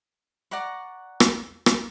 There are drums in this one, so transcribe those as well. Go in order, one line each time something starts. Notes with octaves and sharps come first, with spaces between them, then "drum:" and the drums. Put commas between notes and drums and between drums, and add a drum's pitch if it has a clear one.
D5 F#5 A#5 C#6
drum: rim click
drum: rim click